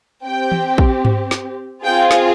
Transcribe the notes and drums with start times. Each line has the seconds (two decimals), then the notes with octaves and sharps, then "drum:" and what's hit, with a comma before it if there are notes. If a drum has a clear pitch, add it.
0.25 C4 G4 G5
0.52 drum: tom E3
0.78 drum: kick
1.05 drum: tom G#2
1.31 drum: snare
1.84 C4 F4 G#4 G5
2.11 drum: snare